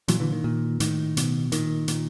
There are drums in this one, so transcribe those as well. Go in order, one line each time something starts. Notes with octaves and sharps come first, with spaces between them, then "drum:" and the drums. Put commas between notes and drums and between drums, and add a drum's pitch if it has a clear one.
A#2 E3 F#3, drum: hi-hat
D3 E3
D#3
A#2
A2 D#3, drum: hi-hat
B2, drum: hi-hat
A#2 D#3, drum: hi-hat
A#2, drum: hi-hat